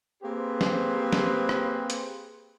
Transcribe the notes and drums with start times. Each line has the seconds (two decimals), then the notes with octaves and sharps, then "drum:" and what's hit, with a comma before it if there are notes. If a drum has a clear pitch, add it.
0.23 A#3 C4 G4 G#4 B4 C5
0.61 drum: snare
1.13 drum: snare
1.49 drum: rim click
1.90 drum: hi-hat